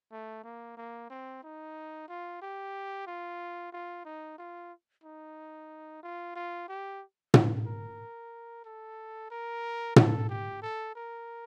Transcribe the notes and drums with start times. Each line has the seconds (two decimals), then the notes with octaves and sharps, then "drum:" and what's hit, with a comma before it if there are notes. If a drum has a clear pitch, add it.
0.12 A3
0.44 A#3
0.77 A#3
1.10 C4
1.43 D#4
2.09 F4
2.42 G4
3.07 F4
3.72 F4
4.05 D#4
4.38 F4
5.04 D#4
6.03 F4
6.35 F4
6.69 G4
7.34 drum: tom
7.67 A#4
8.65 A4
9.31 A#4
9.96 A4, drum: tom
10.29 G4
10.62 A4
10.95 A#4